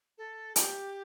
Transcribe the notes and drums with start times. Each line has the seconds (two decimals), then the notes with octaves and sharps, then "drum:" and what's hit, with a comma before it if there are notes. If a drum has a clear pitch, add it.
0.18 A4
0.56 G4, drum: hi-hat